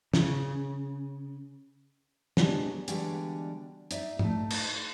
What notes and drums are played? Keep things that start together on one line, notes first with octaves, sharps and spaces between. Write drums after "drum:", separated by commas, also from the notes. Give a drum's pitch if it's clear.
C#3, drum: snare
F#3 G#3 B3 D4 F#4 G4, drum: snare
D3 E3 G3 G#3 B3 F#4, drum: hi-hat
D#4 D5 E5, drum: hi-hat
A3 D#4, drum: tom G#2
drum: cymbal